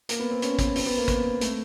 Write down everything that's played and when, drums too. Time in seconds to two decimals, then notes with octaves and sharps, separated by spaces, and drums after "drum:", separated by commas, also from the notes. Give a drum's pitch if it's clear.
0.09 A#3, drum: hi-hat
0.19 B3
0.31 C4
0.42 C#4, drum: hi-hat
0.59 B3, drum: kick, hi-hat
0.76 C4, drum: open hi-hat
0.86 B3
0.97 A#3
1.08 drum: kick, hi-hat
1.41 A3, drum: hi-hat